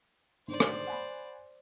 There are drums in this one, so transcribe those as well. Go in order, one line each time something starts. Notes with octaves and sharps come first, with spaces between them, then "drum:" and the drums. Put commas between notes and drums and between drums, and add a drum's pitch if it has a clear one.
G#2 D3 D#3 C5 D5
drum: rim click
F#5 G#5 B5